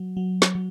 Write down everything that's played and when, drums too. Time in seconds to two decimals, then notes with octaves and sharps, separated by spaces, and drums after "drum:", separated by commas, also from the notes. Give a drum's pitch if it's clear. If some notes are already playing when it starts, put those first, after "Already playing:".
Already playing: F#3
0.17 F#3
0.42 drum: snare
0.55 F#3